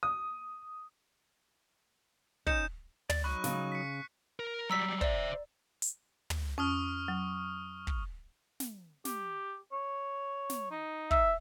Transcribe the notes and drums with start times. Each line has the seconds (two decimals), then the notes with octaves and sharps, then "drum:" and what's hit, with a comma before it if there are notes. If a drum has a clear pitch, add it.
0.03 D#6
2.47 C#4 D#4 G6 C#7 E7, drum: kick
3.10 D5, drum: tom
3.24 F#3 D#4 B5 C#6 F#6
3.44 C#3, drum: snare
3.72 B6 C#7
4.40 A#4
4.70 F#3 G3 A#5 E6 B6
5.01 C5 D5 E5, drum: kick
5.82 drum: hi-hat
6.30 drum: tom
6.58 F2 C#4 C#6 D#6 F6
7.08 F#3
7.87 drum: kick
8.60 drum: snare
9.05 G4, drum: snare
9.72 C#5
10.50 drum: snare
10.71 D#4
11.11 E5, drum: kick